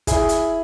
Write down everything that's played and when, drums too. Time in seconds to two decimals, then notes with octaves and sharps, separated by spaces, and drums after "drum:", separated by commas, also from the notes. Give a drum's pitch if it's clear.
0.07 E4 G#4, drum: kick, hi-hat
0.29 drum: hi-hat